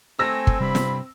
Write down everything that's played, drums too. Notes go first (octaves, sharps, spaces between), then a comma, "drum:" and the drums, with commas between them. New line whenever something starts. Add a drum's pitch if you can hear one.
A3 C4 G#5 E6 A#6
drum: kick
G2 C3 G3 B5
drum: snare